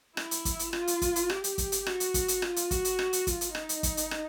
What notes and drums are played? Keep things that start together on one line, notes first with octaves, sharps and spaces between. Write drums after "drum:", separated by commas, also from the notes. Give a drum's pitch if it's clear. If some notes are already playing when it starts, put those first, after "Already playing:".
E4, drum: rim click
drum: hi-hat
drum: kick, hi-hat
drum: hi-hat
F4, drum: rim click
drum: hi-hat
drum: kick, hi-hat
drum: hi-hat
G4, drum: rim click
drum: hi-hat
drum: kick, hi-hat
drum: hi-hat
F#4, drum: rim click
drum: hi-hat
drum: kick, hi-hat
drum: hi-hat
F4, drum: rim click
drum: hi-hat
F#4, drum: kick, hi-hat
drum: hi-hat
drum: rim click
drum: hi-hat
F4, drum: kick, hi-hat
drum: hi-hat
D#4, drum: rim click
drum: hi-hat
drum: kick, hi-hat
drum: hi-hat
drum: rim click